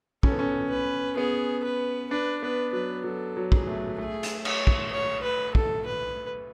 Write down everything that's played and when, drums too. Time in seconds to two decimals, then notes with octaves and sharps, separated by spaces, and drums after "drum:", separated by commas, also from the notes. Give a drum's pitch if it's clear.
0.23 C#4 A4, drum: kick
0.32 B3
0.39 C#4
0.70 B4
1.17 B3 G#4
1.64 B4
2.11 D4 B4
2.42 B3 B4
2.73 F#3 B4
3.04 F#3 A4
3.37 F#3
3.52 G#4, drum: kick
3.67 A3
3.98 A3 G#4
4.23 drum: hi-hat
4.45 C#5, drum: cymbal
4.67 drum: kick
4.93 C#5
5.24 B4
5.55 A4, drum: kick
5.86 B4